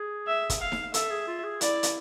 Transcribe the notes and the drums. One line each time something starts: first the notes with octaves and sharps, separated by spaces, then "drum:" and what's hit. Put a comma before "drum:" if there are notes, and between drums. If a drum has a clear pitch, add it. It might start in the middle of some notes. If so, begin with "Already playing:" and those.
Already playing: G#4
E5
drum: kick, hi-hat
F5
drum: snare D#4
A4 E5, drum: hi-hat
G#4
F4
G#4
E4 D5, drum: hi-hat
drum: hi-hat